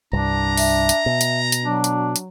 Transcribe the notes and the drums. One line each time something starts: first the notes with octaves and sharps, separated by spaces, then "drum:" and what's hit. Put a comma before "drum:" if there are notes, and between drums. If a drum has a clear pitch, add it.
C2 G2 D4 A#5
E5, drum: open hi-hat
drum: hi-hat
B2
drum: hi-hat
drum: hi-hat
F#3 D4
drum: hi-hat
drum: hi-hat